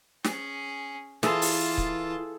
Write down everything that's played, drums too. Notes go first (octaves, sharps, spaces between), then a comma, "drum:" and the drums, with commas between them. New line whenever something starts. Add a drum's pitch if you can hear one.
C#4 G#4, drum: snare
E3 F4 G#4 A4 A5, drum: snare
drum: open hi-hat
drum: kick C#1